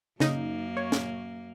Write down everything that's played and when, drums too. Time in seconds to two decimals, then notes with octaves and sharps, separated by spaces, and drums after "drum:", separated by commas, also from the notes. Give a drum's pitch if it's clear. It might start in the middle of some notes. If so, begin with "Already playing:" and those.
0.20 F#2 C#3 A#3 D#4, drum: snare
0.77 C#5
0.92 drum: snare